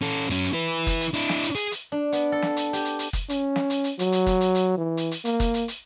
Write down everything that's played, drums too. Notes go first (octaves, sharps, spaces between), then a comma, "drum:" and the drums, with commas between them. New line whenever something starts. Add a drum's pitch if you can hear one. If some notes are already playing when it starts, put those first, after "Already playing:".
C#4 A4
F#2 C#4, drum: hi-hat
drum: hi-hat
E4 B4
drum: kick F#1, hi-hat
drum: hi-hat
D4 E4, drum: hi-hat
drum: snare
drum: hi-hat
G#4, drum: hi-hat
drum: hi-hat
D4
B3, drum: hi-hat
A4
drum: snare
drum: hi-hat
G4, drum: hi-hat
drum: hi-hat
drum: hi-hat
drum: kick F#1, hi-hat
C#4, drum: hi-hat
drum: snare
drum: hi-hat
drum: hi-hat
F#3, drum: hi-hat
drum: hi-hat
drum: kick F#1, hi-hat
drum: hi-hat
drum: hi-hat
E3
drum: hi-hat
drum: hi-hat
A#3, drum: hi-hat
drum: kick F#1, hi-hat
drum: hi-hat
drum: hi-hat